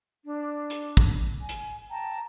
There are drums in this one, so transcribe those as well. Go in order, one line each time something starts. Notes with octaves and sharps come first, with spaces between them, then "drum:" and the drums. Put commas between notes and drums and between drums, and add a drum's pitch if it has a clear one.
D4
drum: hi-hat
drum: kick
G#5
drum: hi-hat
G5 A5 A#5